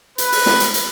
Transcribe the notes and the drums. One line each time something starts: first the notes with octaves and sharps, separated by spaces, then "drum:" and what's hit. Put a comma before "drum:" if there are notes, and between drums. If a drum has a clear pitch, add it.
B4, drum: hi-hat
drum: open hi-hat
drum: snare
drum: hi-hat
drum: hi-hat